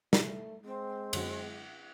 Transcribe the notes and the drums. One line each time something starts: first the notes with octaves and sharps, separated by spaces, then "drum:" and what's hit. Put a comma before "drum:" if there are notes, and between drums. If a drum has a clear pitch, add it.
A3, drum: snare
G#3 C4
F#2 D3 F#3, drum: cymbal